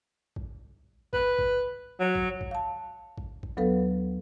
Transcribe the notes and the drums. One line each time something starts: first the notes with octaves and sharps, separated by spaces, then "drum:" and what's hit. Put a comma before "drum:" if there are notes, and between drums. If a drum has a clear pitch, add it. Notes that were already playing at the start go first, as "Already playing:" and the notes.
drum: kick A1
B4, drum: kick A1
drum: kick A1
F#3
drum: kick A1
drum: kick A1
F5 A5
drum: kick A1
drum: kick A1
D2 F#3 B3 A4 B4 F5